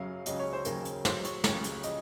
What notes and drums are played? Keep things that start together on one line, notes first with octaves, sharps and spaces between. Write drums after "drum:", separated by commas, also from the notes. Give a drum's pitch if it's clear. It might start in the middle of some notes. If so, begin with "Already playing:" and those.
Already playing: F#2 C#3 F#3 F5
C#2 C#3 F#3 D#5, drum: hi-hat
C#5
C5
D#2 C#3 F#3 A#4, drum: hi-hat
drum: hi-hat
G#2 F#3 C5, drum: snare
C#5, drum: hi-hat
C#2 C#3 F#3 C#5, drum: snare
drum: hi-hat
C#3 F3 D#5, drum: hi-hat